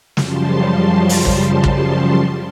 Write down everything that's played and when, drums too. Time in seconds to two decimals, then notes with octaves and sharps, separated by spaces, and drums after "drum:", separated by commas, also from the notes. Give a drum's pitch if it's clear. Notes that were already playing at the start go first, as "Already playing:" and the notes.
0.17 F#2 C#3 F3 G3 A5 C6, drum: snare
1.09 drum: open hi-hat
1.25 drum: kick
1.64 drum: kick